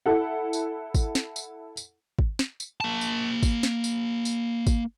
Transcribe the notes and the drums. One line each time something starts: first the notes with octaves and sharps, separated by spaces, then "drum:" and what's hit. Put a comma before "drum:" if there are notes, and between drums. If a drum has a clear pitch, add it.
E4 A4 F#5
drum: tambourine
drum: kick, tambourine
drum: snare
drum: tambourine
drum: tambourine
drum: kick
drum: snare
drum: tambourine
A#3 A5
drum: tambourine
drum: kick, tambourine
drum: snare
drum: tambourine
drum: tambourine
drum: kick, tambourine